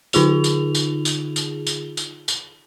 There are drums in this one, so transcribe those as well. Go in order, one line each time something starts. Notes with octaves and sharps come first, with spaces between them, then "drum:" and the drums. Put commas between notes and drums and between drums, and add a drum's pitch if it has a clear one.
D3 D#4 F4 G#4 F7, drum: tambourine
drum: tambourine
drum: tambourine
drum: tambourine
drum: tambourine
drum: tambourine
drum: tambourine
drum: tambourine